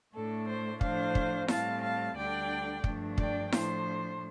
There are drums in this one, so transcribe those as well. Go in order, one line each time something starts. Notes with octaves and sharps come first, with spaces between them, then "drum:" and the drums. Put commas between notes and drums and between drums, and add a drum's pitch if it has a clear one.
A2 A3 D4 A4
C5
A2 F3 D4 C5 F5, drum: kick
drum: kick
A2 G3 C4 F5 A5, drum: snare E4
F5 A5
D2 D3 G3 D4 D5 G5
G2 F3 A3 D4, drum: kick
D5 G5, drum: kick
A2 F3 D4 C5, drum: snare E4